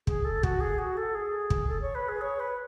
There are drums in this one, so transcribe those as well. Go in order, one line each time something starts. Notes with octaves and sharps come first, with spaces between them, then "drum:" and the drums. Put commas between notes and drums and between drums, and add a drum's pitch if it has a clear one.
G#4, drum: kick
A4
F#4, drum: kick
G#4
F#4
A4
G#4
drum: kick
A4
C#5
B4
G#4
C#5
B4